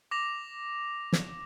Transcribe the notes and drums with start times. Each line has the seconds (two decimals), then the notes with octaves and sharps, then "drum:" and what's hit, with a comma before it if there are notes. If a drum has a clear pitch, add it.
0.11 D6 A#6 F7
1.13 drum: snare